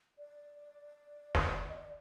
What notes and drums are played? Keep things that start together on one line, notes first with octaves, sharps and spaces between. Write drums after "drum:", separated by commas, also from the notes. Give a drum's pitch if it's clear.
D5
drum: snare
D#5
D5